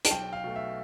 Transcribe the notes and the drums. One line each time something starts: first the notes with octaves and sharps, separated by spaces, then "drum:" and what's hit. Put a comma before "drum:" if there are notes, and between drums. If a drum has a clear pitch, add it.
A5, drum: hi-hat
B1 G5
F5
B2 A3
E5